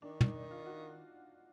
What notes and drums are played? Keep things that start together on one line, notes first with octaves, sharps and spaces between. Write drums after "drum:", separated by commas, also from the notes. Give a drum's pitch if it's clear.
D#3 D4
D4, drum: tom
D#4
F4
F#4